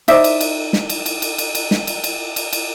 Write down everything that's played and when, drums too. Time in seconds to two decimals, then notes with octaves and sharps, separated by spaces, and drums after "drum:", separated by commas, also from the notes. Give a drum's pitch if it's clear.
0.08 D#4 C5 D5 E5, drum: cymbal
0.24 drum: cymbal
0.41 drum: cymbal
0.73 drum: snare
0.89 drum: cymbal
1.06 drum: cymbal
1.22 drum: cymbal
1.38 drum: cymbal
1.55 drum: cymbal
1.71 drum: snare
1.87 drum: cymbal
2.04 drum: cymbal
2.36 drum: cymbal
2.53 drum: cymbal